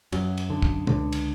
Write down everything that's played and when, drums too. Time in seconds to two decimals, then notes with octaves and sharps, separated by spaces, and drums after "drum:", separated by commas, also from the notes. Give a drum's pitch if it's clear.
0.12 F#2 F#3, drum: cymbal
0.37 drum: cymbal
0.50 D3
0.62 drum: kick
0.87 C#2 D3, drum: tom
1.12 drum: cymbal